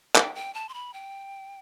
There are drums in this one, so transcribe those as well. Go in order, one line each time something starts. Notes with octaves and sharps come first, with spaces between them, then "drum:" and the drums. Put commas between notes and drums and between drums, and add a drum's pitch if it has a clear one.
G5, drum: clap
G5
A5
C6
B5
G5